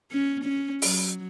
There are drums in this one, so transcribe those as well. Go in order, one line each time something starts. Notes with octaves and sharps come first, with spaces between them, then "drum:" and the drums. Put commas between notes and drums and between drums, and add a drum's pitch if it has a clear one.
C#4
C#4
F#3, drum: open hi-hat